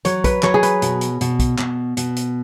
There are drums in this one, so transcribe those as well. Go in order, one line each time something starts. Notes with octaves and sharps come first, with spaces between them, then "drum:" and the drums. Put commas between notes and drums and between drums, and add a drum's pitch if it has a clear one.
F#3 C#5, drum: hi-hat
B4, drum: kick, hi-hat
F#3 C#5, drum: clap
G#4
B4, drum: hi-hat
B2, drum: hi-hat
drum: hi-hat
B2, drum: hi-hat
drum: kick, hi-hat
B2, drum: clap
B2, drum: hi-hat
drum: hi-hat